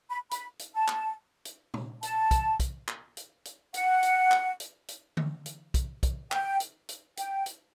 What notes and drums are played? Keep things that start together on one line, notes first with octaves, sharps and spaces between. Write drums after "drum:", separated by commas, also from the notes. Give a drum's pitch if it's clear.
B5
B5, drum: hi-hat
drum: hi-hat
A5
drum: clap
drum: hi-hat
drum: tom A#2
A5, drum: hi-hat
drum: kick, hi-hat
drum: kick, hi-hat
drum: clap
drum: hi-hat
drum: hi-hat
F#5, drum: hi-hat
drum: hi-hat
drum: clap
drum: hi-hat
drum: hi-hat
drum: tom D3
drum: hi-hat
drum: kick, hi-hat
drum: kick, hi-hat
G5, drum: clap
drum: hi-hat
drum: hi-hat
G5, drum: hi-hat
drum: hi-hat